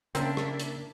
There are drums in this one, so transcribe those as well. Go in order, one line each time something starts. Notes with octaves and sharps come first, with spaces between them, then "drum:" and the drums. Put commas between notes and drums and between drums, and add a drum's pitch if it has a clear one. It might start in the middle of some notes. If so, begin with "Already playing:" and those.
C#3 A#3 C4 D4 E4 A#4, drum: hi-hat
drum: rim click
drum: hi-hat